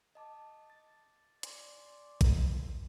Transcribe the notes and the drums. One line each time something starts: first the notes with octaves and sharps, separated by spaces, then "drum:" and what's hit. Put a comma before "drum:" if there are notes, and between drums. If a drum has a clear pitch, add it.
D#5 A5 D6
A6
D5 G#5 C6, drum: hi-hat
drum: kick A#1, hi-hat